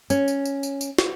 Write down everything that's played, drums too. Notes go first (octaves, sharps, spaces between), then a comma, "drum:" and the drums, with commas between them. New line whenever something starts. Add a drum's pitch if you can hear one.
C#4, drum: tambourine
drum: tambourine
drum: tambourine
drum: tambourine
drum: tambourine
drum: snare